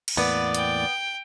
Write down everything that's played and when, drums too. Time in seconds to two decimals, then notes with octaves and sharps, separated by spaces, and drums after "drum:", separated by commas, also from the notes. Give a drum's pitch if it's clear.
0.08 drum: cymbal
0.17 E2 A2 A#3 B3 D5
0.55 G5, drum: hi-hat